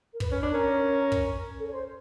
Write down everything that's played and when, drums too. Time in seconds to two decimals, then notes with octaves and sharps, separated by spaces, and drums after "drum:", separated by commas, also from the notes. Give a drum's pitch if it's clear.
0.13 A#4
0.20 B4, drum: kick
0.32 C#4 B4
0.43 D4
0.50 C#4 A#4
1.12 drum: kick
1.58 A4
1.67 C#5
1.72 C5